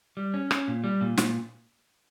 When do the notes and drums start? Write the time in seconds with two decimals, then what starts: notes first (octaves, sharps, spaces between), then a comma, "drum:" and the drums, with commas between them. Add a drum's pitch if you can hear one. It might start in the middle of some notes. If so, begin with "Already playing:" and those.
0.17 G3
0.34 C#4
0.51 C#4, drum: rim click
0.68 A#2
0.84 G3
1.01 A#2
1.18 A#2, drum: snare